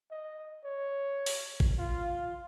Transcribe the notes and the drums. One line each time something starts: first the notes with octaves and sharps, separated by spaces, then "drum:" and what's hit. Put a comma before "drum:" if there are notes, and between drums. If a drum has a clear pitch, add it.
D#5
C#5
drum: open hi-hat
drum: kick G#1
F4